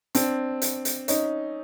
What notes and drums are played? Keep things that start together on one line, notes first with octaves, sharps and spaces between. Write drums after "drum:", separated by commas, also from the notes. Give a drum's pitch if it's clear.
C4 D4, drum: hi-hat
drum: hi-hat
drum: hi-hat
C#4 D#4, drum: hi-hat